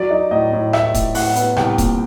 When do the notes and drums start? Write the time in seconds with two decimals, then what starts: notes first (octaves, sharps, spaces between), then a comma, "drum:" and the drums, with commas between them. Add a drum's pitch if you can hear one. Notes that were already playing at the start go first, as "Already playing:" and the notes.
Already playing: F#3 D5
0.10 D#4
0.31 A2 D#5
0.52 A2
0.73 A2 E5, drum: rim click
0.94 A2, drum: kick D#1, hi-hat
1.15 A2 F#5, drum: open hi-hat
1.36 B3, drum: hi-hat
1.57 C2 G5, drum: rim click
1.78 A#2, drum: kick D#1, hi-hat